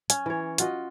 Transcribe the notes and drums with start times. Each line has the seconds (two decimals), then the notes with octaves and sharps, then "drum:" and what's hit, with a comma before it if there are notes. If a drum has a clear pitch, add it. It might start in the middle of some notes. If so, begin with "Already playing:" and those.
0.10 C#4, drum: hi-hat
0.26 E3 C#5
0.58 F4 F#4 D#5, drum: hi-hat